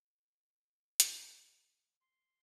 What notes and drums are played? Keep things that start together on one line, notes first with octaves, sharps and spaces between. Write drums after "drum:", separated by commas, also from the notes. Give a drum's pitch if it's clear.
drum: hi-hat
C6